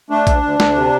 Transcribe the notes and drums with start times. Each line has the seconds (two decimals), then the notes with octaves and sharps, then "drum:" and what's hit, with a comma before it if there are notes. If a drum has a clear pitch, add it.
0.10 A3 D4
0.27 D2, drum: kick A#1, hi-hat
0.43 D2
0.60 D2, drum: snare
0.76 C3